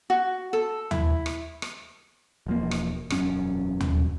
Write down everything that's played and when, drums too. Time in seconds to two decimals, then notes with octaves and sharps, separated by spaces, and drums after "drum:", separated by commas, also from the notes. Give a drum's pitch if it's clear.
0.10 F#4
0.53 A4
0.91 E4, drum: tom D#2
1.26 drum: rim click
1.62 drum: rim click
2.47 E1 F3 A#3
2.71 drum: rim click
3.10 E1 F#2 C#4, drum: rim click
3.80 drum: tom D#2